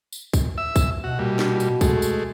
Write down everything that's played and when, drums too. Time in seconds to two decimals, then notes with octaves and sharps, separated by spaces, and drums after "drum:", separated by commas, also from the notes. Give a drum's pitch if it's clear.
0.12 drum: tambourine
0.33 drum: kick, tambourine
0.58 E5 E6
0.76 drum: kick, tambourine
1.04 B2 F#4
1.19 A#2 G3
1.39 drum: snare
1.60 drum: tambourine
1.81 G#3 A3, drum: kick, tambourine
2.02 drum: tambourine